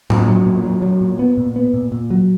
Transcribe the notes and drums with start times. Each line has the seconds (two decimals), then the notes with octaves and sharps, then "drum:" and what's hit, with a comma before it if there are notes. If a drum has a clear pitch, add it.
0.10 A#2, drum: tom A2
0.28 F#3
0.46 A#2
0.64 F#3
0.82 F#3
1.01 A#2
1.19 B3
1.38 A#2
1.56 B3
1.74 A#2
1.92 A#2
2.10 F#3